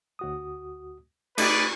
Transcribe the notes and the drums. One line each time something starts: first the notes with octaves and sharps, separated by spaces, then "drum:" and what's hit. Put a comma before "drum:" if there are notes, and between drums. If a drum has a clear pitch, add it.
D2 F#4 D#6
A3 D#4 G4 G#4 B4 D5, drum: cymbal